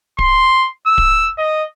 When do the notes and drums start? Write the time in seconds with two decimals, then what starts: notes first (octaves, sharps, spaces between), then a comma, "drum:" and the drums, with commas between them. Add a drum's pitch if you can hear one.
0.19 C6, drum: kick D1
0.87 E6
0.98 drum: kick D1
1.38 D#5